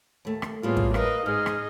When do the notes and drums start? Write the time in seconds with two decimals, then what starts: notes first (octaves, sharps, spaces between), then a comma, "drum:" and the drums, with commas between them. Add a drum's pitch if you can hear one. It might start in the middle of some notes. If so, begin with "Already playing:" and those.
0.25 D#2 A3
0.42 drum: rim click
0.63 A2 G3 A#3 B3 F4 G#4
0.77 drum: kick
0.94 A#4 B4 D#5 F5, drum: rim click
1.26 G#2 D#4 G#4 D#5 F6
1.46 drum: rim click